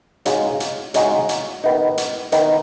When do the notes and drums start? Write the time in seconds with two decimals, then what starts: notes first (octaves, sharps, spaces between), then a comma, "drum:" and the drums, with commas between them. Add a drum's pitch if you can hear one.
0.25 C#3 G#3 D#4 F#4, drum: hi-hat
0.60 drum: hi-hat
0.94 C#3 G#3 D#4 F#4, drum: hi-hat
1.29 drum: hi-hat
1.64 D#3 B3 D#4
1.98 drum: hi-hat
2.32 D#3 B3 D#4, drum: hi-hat